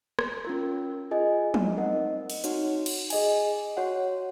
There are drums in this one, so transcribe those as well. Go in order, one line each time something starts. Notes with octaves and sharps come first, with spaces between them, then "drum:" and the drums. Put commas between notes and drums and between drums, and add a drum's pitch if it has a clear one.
drum: rim click
C#4 F4 A#4
F4 G#4 D#5 G#5
drum: tom
C4 D#4 A#4 D#5 F#5
drum: cymbal
D#4 F#4 C#5 F#5, drum: hi-hat
drum: cymbal
G#4 D#5 G#5, drum: cymbal
F#4 C#5 F#5